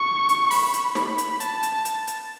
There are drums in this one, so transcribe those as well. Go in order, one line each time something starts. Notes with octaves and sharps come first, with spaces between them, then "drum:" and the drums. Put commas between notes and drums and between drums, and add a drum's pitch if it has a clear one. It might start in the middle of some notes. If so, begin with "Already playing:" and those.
Already playing: C#6
drum: hi-hat
B5, drum: open hi-hat
drum: hi-hat
B5, drum: snare
drum: hi-hat
A5, drum: hi-hat
drum: hi-hat
drum: hi-hat
drum: hi-hat